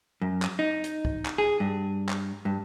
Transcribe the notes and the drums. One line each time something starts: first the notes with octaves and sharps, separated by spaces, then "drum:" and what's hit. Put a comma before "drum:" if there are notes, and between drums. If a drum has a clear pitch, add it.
F#2
drum: clap
D#4
drum: hi-hat
drum: kick
drum: clap
G#4
G2
drum: clap
G2